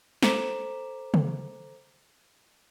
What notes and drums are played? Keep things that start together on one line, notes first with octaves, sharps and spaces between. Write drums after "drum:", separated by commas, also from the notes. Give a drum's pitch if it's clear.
A4 C5 A#5 D6 B6 E7, drum: snare
drum: tom C#3